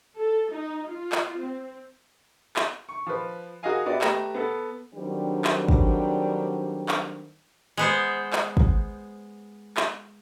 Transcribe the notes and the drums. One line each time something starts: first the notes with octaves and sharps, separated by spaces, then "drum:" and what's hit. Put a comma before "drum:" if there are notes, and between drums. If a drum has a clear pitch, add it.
A4
D#4
F4
drum: clap
C4
drum: clap
C#6
F3 B4
F#4 G#4 A#4 D#5 F5 G#5
B3 F#4 G4 D5 E5
A3 G4 B4 A#5 A#6 E7, drum: clap
B3 A4
D3 D#3 F#3 G3 C4 D4
drum: clap
drum: kick
drum: clap
G#3 B3 C5
drum: clap
drum: kick
drum: clap